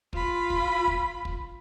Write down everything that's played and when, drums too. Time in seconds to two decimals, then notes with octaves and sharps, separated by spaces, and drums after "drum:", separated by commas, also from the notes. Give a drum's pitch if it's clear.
0.13 F4 B5, drum: kick
0.50 drum: kick
0.88 drum: kick
1.25 drum: kick